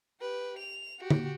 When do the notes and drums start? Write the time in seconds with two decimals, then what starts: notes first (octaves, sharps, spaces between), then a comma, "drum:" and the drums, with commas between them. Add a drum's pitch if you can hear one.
0.21 G4 B4
0.59 F7
1.00 F#4 G4
1.10 drum: tom D3